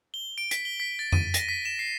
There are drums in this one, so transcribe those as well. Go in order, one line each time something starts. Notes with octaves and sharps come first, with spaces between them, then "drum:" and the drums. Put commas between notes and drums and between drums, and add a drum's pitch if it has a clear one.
G7
D7
B6, drum: hi-hat
G7
B6
A6
D#7, drum: tom F2
A#6, drum: hi-hat
B6
E7
C7